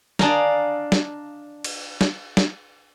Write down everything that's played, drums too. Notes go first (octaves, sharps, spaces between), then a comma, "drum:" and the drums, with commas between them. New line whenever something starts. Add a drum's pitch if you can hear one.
D4 D5 D#5 F5 G#5 A#5, drum: snare
drum: snare
drum: cymbal
drum: snare
drum: snare